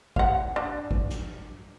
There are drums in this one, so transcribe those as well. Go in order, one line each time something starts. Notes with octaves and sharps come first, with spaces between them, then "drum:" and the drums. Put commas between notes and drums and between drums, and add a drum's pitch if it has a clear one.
F5 F#5, drum: kick
D4
drum: kick
drum: snare